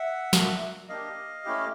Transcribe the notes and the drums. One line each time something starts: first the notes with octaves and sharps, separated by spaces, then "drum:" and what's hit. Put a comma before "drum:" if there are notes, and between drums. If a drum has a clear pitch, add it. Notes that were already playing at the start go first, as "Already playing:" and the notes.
Already playing: E5 F#5
A#3 D4 F#4, drum: snare
A#3 D4 G4 D#5 F5
A3 C#4 E4 G4